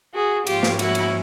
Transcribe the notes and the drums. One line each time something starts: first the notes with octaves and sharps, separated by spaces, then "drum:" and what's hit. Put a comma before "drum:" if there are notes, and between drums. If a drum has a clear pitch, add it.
F#4 G#4
G#2 F3 A#3 C#4 F4 G4, drum: cymbal
drum: snare
E4 F#4, drum: cymbal
drum: cymbal